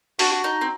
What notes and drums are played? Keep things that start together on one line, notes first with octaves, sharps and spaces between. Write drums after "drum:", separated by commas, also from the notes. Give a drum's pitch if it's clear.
D4 F#4, drum: open hi-hat
D#4
C4